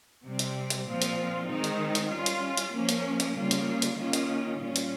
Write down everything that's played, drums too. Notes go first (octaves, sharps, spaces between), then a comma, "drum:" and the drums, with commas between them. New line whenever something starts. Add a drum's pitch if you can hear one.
C3 G3 C4
drum: hi-hat
drum: hi-hat
A#2 F3 C4 F4
drum: hi-hat
D#3 G#3 C4 D#4
drum: hi-hat
drum: hi-hat
G3 C#4 F4
drum: hi-hat
drum: hi-hat
F3 A#3 C#4
drum: hi-hat
drum: hi-hat
C#3 G3 A#3 F4
drum: hi-hat
drum: hi-hat
D#3 A#3 C#4 F4
drum: hi-hat
A#2 G3 C#4 F4
drum: hi-hat